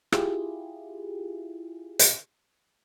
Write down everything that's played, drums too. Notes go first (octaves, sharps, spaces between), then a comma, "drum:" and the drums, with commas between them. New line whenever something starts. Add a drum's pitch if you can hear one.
E4 F4 G4 G#4, drum: rim click
drum: hi-hat